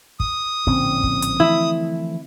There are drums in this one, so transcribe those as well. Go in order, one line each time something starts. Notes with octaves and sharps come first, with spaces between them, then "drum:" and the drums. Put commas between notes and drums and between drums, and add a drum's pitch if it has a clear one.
D#6, drum: kick
A#1 A2 D3 C4 C#4, drum: kick
drum: kick
drum: hi-hat
E3 F3 A3 E4